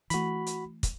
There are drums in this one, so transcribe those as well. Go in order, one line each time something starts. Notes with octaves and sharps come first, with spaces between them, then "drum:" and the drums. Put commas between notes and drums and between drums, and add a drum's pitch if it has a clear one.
E3 A3 F#4 B5, drum: hi-hat
drum: hi-hat
drum: kick, hi-hat